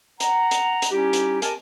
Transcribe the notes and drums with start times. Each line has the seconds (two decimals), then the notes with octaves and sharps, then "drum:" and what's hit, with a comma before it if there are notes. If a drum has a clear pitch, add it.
0.20 F#5 A#5, drum: hi-hat
0.51 drum: hi-hat
0.82 drum: hi-hat
0.92 G3 C#4 D#4 E4 G4
1.13 drum: hi-hat
1.42 G4 A#4 G#5 A5, drum: hi-hat